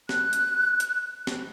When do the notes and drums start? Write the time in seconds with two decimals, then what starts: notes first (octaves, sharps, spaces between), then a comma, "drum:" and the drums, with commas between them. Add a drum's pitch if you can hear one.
0.09 F#6, drum: snare
0.33 drum: hi-hat
0.80 drum: hi-hat
1.27 drum: snare